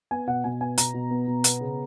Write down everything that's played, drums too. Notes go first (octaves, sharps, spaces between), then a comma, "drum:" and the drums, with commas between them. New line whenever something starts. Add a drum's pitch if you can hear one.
B3 G#5
B2 F#5
B2 G#5
B3 G#5
B2 A#5, drum: hi-hat
B2
B3
B2
B3, drum: hi-hat
C#3